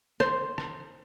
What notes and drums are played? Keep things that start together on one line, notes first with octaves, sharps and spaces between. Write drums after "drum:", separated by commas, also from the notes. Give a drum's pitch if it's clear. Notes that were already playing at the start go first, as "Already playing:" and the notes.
C5, drum: rim click
drum: rim click